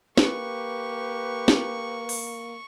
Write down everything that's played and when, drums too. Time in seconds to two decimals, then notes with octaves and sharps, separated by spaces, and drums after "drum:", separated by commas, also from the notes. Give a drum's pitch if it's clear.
0.17 A#3 G4 B4 C#6, drum: snare
1.48 drum: snare
2.09 drum: open hi-hat